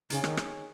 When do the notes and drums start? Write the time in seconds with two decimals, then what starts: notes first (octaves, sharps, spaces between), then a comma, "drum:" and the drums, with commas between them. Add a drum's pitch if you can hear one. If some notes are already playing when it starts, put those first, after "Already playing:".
0.10 C#3 D#4 G#4 C#5 G#5, drum: hi-hat
0.24 D#3, drum: rim click
0.37 drum: rim click